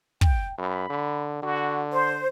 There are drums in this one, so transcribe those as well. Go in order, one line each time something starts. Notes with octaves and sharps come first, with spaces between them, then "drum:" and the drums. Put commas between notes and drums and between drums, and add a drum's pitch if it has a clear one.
G5, drum: kick
F#2 B5
D3
D3 F#4
C5 C6